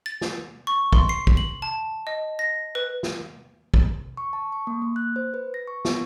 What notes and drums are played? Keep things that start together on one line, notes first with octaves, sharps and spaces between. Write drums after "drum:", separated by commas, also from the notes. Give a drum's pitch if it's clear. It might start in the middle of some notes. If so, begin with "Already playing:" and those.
A6
drum: snare
C#6
C6, drum: kick
C7
drum: kick
F#7
A5
D#5
A#6
B4
drum: snare
drum: kick
C#6
A5
C#6
A#3
A#3
F#6
C5
B4
A#6
C#6
B3, drum: snare